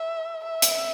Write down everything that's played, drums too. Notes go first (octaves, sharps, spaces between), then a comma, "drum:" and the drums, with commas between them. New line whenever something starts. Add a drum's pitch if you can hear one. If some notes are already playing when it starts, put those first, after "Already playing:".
Already playing: E5
E5
drum: hi-hat